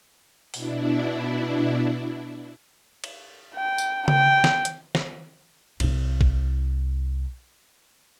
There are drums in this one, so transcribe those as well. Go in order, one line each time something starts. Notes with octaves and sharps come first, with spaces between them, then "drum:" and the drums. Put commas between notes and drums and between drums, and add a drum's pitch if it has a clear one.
B2 D4 E4, drum: open hi-hat
drum: cymbal
G5
drum: tambourine
G5, drum: tom C#3
drum: snare
drum: hi-hat
drum: snare
C2 E4, drum: cymbal
drum: kick